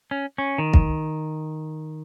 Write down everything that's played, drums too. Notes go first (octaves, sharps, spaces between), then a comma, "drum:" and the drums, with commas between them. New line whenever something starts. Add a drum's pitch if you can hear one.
C#4
C#4
D#3
drum: kick